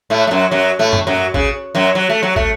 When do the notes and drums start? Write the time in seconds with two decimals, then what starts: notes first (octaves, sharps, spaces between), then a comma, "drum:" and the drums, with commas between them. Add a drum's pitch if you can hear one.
0.10 A2 A3
0.27 A3
0.31 F#2 F#3
0.51 F#2 F#3
0.79 A2 A3
0.93 drum: tom
1.07 F#2 F#3
1.34 C#3, drum: kick
1.75 F#2 F#3
1.95 F#3
2.10 A3
2.23 F#3
2.36 A3, drum: kick